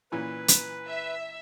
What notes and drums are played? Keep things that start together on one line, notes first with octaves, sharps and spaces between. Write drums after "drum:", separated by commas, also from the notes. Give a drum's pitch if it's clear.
A#2 E3 C#4 B4
drum: hi-hat
E5